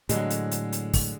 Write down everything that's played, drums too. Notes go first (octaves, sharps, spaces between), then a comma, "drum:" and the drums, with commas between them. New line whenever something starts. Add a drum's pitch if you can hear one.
A2 D3 F#3 G#3, drum: hi-hat
drum: hi-hat
drum: hi-hat
drum: hi-hat
drum: kick, open hi-hat